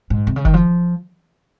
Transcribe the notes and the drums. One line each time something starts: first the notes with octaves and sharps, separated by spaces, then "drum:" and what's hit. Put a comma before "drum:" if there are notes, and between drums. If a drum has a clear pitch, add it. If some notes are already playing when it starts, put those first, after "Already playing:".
G#2
C3
C#3
D#3, drum: kick F1
F3